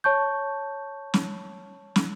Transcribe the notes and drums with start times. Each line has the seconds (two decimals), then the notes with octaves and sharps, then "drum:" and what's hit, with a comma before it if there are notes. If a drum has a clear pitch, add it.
0.04 C#5 A5 C#6 G6
1.14 drum: snare
1.96 drum: snare